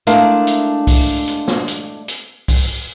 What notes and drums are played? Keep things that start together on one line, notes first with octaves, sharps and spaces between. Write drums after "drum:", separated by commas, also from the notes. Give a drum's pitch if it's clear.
G#3 A3 D4 E4 A#4 F5, drum: hi-hat
drum: hi-hat
drum: kick C2, open hi-hat
drum: hi-hat
drum: snare
drum: hi-hat
drum: hi-hat
drum: kick C2, open hi-hat